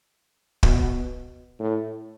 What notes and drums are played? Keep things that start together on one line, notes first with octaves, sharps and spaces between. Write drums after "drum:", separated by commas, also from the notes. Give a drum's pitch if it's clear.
B2, drum: kick
A2